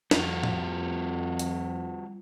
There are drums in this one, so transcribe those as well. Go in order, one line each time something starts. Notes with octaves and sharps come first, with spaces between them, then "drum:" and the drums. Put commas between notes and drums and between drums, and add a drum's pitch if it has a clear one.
F2 G3 F4 F#4, drum: snare
drum: tom A2
drum: hi-hat